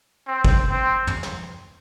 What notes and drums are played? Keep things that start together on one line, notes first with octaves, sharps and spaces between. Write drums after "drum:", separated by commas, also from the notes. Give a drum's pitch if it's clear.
C4
drum: kick
C4
drum: tom
drum: snare